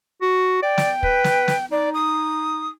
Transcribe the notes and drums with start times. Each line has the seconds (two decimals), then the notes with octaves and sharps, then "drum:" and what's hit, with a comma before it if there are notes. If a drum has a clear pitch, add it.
0.22 F#4
0.63 D5 G5
0.78 drum: snare
1.03 B4, drum: kick
1.24 drum: snare
1.48 drum: snare
1.71 D#4 D5
1.94 D#6